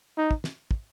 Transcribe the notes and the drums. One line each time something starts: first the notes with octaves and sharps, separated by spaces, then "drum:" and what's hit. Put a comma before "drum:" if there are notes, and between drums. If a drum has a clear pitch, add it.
D#4
drum: kick
drum: snare
drum: kick